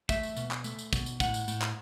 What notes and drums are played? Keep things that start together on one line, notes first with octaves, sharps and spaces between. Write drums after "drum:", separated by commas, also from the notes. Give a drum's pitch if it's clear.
A3 E5, drum: kick, tambourine
drum: tambourine
B2, drum: tambourine
drum: clap
A3, drum: tambourine
drum: tambourine
B2, drum: kick, tambourine
drum: tambourine
A2 F#5, drum: kick, tambourine
drum: tambourine
A2, drum: tambourine
drum: clap